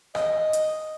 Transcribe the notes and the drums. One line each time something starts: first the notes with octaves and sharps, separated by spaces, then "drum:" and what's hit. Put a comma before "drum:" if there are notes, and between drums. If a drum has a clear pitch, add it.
D#5, drum: rim click
drum: hi-hat